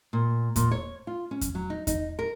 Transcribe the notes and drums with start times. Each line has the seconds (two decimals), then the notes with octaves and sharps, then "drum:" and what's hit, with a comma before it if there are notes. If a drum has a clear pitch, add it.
0.13 A#2
0.56 A#2, drum: kick E2, hi-hat
0.71 C#5
1.07 F4
1.31 C#4
1.41 drum: kick E2, hi-hat
1.55 F#3
1.70 D#4
1.87 D#4, drum: kick E2, hi-hat
2.19 A#4